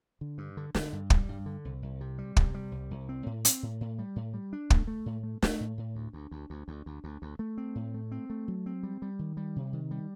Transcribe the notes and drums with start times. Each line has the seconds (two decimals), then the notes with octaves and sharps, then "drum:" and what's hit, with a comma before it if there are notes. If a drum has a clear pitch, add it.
0.21 D3
0.38 G2
0.57 D3
0.75 D3, drum: snare
0.93 G2
1.10 G3, drum: kick
1.29 G2
1.46 D3
1.65 C2
1.82 C2
2.01 C3
2.18 G3
2.37 C3, drum: kick
2.54 G3
2.72 C2
2.91 C2
3.09 C4
3.26 A2
3.45 C4, drum: hi-hat
3.63 A2
3.81 A2
3.99 G3
4.16 A2
4.34 G3
4.53 D4
4.70 A3, drum: kick
4.87 A3
5.06 A2
5.23 A3
5.42 A3, drum: snare
5.60 A2
5.78 A2
5.95 D2
6.13 D2
6.31 D2
6.50 D2
6.68 D2
6.86 D2
7.04 D2
7.22 D2
7.39 A3
7.58 C4
7.75 A2
7.94 A3
8.12 C4
8.30 A3
8.48 F#3
8.66 C4
8.83 G3
9.02 G3
9.19 D#3
9.37 G3
9.56 C3
9.73 D#3
9.91 G3